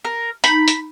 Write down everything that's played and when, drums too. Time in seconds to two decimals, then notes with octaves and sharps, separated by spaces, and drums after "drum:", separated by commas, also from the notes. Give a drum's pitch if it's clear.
0.05 A#4
0.44 D#4 B5, drum: hi-hat
0.68 drum: hi-hat